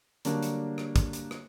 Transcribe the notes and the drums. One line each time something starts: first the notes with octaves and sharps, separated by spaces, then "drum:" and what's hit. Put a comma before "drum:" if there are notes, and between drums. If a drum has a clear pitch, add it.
D3 F#3 G3 A#3 D4, drum: hi-hat
drum: hi-hat
drum: rim click
drum: kick, hi-hat
drum: hi-hat
drum: rim click